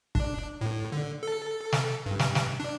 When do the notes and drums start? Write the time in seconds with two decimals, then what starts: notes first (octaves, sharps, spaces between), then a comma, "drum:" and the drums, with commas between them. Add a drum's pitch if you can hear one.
0.15 D4, drum: kick
0.61 A2
0.92 D3
1.23 A4
1.72 drum: snare
2.06 G2
2.19 drum: snare
2.35 drum: snare
2.60 D4